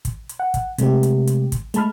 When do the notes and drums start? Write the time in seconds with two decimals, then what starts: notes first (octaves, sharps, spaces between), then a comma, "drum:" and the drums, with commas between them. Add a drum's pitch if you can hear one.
0.05 drum: kick, hi-hat
0.29 drum: hi-hat
0.40 F#5
0.54 drum: kick, hi-hat
0.78 C3 G#3 A3 G4, drum: hi-hat
1.03 drum: hi-hat
1.27 drum: hi-hat
1.52 drum: kick, hi-hat
1.74 G#3 A3 A5 B5 F6, drum: hi-hat